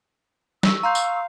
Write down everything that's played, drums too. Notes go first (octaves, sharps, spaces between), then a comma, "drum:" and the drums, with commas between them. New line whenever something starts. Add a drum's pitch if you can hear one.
C#6 E6, drum: snare
F5 A#5 C6 G6
drum: tambourine